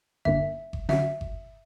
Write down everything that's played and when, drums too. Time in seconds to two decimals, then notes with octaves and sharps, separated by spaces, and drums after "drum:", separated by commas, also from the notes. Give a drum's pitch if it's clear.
0.25 G2 D3 A#3 D4 E5, drum: kick G1
0.73 drum: kick G1
0.89 D3 F#3 C#4 F#4 E5, drum: snare
1.21 drum: kick G1